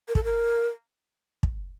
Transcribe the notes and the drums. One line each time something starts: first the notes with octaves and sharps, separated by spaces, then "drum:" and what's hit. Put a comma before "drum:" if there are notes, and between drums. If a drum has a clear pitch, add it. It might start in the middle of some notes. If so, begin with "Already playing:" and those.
A#4
A4, drum: kick
A#4
drum: kick